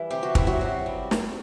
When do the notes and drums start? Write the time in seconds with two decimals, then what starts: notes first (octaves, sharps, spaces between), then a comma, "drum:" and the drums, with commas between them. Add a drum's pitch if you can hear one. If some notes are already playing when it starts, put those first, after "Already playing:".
Already playing: E3 G3 E4
0.11 C3 G4
0.23 F#4
0.35 C3 E4, drum: kick
0.47 F#3 F#4
0.61 C3
0.86 G3
1.11 drum: snare